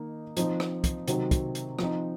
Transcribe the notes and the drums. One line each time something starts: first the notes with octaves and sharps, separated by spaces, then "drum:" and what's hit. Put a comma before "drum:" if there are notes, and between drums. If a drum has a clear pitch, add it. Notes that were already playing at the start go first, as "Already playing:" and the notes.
Already playing: D#3 A#3 D#4
F3 C4 D#4, drum: hi-hat
drum: rim click
drum: kick, hi-hat
C3 D#3 F#3 C4, drum: hi-hat
drum: kick, hi-hat
drum: hi-hat
F3 C4 D#4, drum: rim click